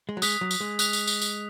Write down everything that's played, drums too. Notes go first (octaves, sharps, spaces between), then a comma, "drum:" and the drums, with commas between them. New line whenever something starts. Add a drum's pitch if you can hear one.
G#3
F#3
G#3 D#6 F#6 B6 F7, drum: tambourine
F#3
drum: tambourine
G#3
D#6 F#6 B6 F7, drum: tambourine
drum: tambourine
drum: tambourine
drum: tambourine